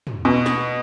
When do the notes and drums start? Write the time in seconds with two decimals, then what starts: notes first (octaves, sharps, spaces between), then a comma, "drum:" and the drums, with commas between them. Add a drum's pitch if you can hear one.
0.07 drum: tom
0.25 B2
0.46 drum: snare